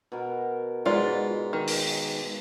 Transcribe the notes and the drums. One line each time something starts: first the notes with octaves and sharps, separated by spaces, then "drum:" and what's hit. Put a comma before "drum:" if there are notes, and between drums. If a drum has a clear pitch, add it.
B2 A#4
G#2 B2 F4 D5
D#3
drum: open hi-hat